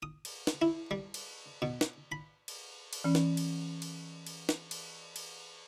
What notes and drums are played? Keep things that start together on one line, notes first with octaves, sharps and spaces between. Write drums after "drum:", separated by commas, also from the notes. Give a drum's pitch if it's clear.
D#6
drum: cymbal
drum: snare
E4
G3
drum: cymbal
B2
drum: snare
B5
drum: cymbal
drum: cymbal
E3 C#4
drum: snare
drum: cymbal
drum: cymbal
drum: cymbal
drum: snare
drum: cymbal
drum: cymbal